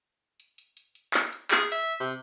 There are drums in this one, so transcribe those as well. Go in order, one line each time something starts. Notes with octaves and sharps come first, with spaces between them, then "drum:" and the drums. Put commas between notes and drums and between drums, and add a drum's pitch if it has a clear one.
drum: hi-hat
drum: hi-hat
drum: hi-hat
drum: hi-hat
drum: clap
drum: hi-hat
G#4, drum: clap
E5, drum: hi-hat
C3